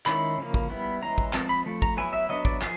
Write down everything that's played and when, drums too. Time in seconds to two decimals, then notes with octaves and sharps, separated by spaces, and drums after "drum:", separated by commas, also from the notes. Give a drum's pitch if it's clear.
0.06 D#3 G#3 C#4 E4 B5, drum: clap
0.38 C#3 F3 A#3
0.54 drum: kick
0.70 G3 B3 E4
1.02 E3 G#3 C#4 A#5
1.18 drum: kick
1.33 F3 G#3 C4 A5, drum: clap
1.49 B5
1.66 F3 A3
1.82 A#5, drum: kick
1.97 F#3 B3 E4 G#5
2.13 E5
2.29 F#3 B3 D4 D#5
2.45 D5, drum: kick
2.62 F3 G#4, drum: clap